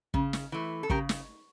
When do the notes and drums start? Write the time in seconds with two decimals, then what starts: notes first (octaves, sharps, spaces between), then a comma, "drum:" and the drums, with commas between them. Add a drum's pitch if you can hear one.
0.14 C#3, drum: kick
0.33 drum: snare
0.52 E3 A3
0.83 A4
0.90 C#3 G4 A#4, drum: kick
1.09 drum: snare